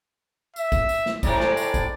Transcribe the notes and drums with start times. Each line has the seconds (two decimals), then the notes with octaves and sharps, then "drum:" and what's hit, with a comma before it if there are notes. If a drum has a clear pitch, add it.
0.56 E5, drum: tambourine
0.72 drum: kick, tambourine
0.89 drum: tambourine
1.06 drum: snare
1.23 A2 C3 G#3 D5, drum: kick, tambourine
1.40 drum: snare
1.57 drum: tambourine
1.74 drum: kick, tambourine